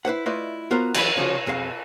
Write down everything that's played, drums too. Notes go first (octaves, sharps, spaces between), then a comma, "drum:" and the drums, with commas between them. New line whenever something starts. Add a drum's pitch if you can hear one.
E4 B4 C5 F#5
A3 E4 F4 B4 D5 D#5
B3 F4 F#4 A#4 C5 F#5
E3 F#3 G#4 B5, drum: cymbal
C2 C#3 F3 F#4 C#5
B1 F2 C4 G#4 F5 F#5